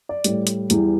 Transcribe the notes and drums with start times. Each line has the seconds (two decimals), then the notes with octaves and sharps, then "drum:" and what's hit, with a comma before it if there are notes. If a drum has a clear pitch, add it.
0.09 D5
0.24 A2 G3, drum: hi-hat
0.47 drum: hi-hat
0.70 E2 E3 G3, drum: hi-hat